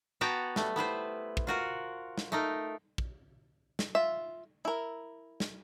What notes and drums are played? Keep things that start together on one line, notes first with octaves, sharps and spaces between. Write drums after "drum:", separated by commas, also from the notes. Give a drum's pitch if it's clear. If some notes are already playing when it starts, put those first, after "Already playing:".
B3 F#4 B4 G5 A5 A#5
G3 A3, drum: snare
B3 E4 B4 C5
drum: kick
F4 F#4 A#4
drum: snare
A3 D#4 A#4
drum: kick
drum: snare
F4 E5
E4 A#4
drum: snare